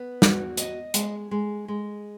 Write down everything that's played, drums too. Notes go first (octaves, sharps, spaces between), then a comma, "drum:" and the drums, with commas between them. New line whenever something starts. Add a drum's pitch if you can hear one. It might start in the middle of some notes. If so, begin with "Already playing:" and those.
Already playing: B3
F#4, drum: snare
D#5, drum: hi-hat
G#3, drum: hi-hat
G#3
G#3